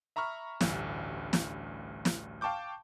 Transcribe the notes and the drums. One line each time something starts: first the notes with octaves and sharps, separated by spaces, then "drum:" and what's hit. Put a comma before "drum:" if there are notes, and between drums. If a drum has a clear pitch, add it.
E5 A#5 B5 C#6 F6
A1 D2 G2, drum: snare
drum: snare
drum: snare
F5 G5 A5 C#6 D6 G6